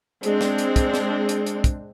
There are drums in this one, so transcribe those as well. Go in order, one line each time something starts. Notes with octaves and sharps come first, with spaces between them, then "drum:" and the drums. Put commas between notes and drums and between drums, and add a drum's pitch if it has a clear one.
G#3 C4 D4, drum: hi-hat
drum: snare
drum: hi-hat
drum: kick, hi-hat
drum: snare
drum: hi-hat
drum: hi-hat
drum: kick, hi-hat